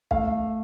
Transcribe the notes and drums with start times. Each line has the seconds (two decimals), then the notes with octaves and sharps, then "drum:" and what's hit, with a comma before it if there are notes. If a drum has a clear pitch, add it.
0.11 A3 F5, drum: kick